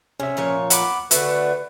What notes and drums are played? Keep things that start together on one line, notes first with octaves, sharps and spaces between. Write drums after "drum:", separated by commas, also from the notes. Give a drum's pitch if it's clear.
C3 C#4 E5
A#2 F3 C#5
F#5 B5 D6, drum: hi-hat
D3 A3 F#4 B4 E5, drum: hi-hat